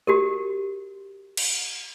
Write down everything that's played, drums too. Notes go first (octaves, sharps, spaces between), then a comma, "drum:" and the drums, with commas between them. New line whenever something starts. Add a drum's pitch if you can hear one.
F#4 G4 A#4
drum: cymbal